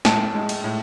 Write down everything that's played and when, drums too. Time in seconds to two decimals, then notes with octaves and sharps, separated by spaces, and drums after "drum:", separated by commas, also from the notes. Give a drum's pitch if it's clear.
0.05 A2 A5, drum: snare
0.35 G#3
0.49 drum: cymbal
0.64 A2